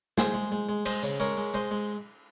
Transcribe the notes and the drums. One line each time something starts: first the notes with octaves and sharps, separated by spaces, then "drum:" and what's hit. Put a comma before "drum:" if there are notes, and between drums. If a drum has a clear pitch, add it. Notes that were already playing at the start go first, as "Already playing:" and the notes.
G#3 G#4 C5, drum: snare
G#3
G#3
G#3
G#3 C5 D#5, drum: cymbal
C#3
G#3 A#4 C#5
G#3
G#3 C5 D#5
G#3